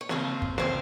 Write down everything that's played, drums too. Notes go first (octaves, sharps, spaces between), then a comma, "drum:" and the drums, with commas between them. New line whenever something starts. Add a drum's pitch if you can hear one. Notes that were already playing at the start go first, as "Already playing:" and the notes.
C#5
D#2 C#3 F3 C4 C5, drum: snare
drum: kick
C#3 F3 C4 C5, drum: snare